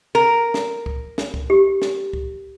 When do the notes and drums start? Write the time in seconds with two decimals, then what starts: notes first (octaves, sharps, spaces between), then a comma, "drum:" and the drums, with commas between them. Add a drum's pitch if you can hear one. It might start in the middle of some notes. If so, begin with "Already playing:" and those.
0.15 A#4
0.54 drum: snare
0.86 drum: kick
1.18 drum: snare
1.34 drum: kick
1.50 G4
1.82 drum: snare
2.13 drum: kick